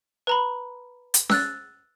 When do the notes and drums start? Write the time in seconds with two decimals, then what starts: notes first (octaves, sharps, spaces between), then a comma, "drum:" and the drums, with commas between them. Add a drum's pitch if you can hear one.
0.27 B4 A#5 B5
1.14 drum: hi-hat
1.30 E6 F#6 A6, drum: snare C#4